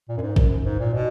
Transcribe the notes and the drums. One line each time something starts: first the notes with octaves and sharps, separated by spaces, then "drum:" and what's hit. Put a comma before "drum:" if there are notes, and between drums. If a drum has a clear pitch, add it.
A#2
F#2
G#2
F#2, drum: kick
G#2
A#2
B2